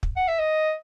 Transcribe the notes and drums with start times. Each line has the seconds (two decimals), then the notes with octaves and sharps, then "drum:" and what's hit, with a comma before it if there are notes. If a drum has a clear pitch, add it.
0.03 drum: kick
0.16 F#5
0.28 E5
0.39 D#5